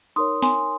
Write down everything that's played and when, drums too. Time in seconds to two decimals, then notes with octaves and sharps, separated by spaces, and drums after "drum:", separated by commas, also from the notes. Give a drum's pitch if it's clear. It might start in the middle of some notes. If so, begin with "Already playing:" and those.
0.16 D#4 A#4 C#5 C6 D#6
0.42 G#5 C6, drum: snare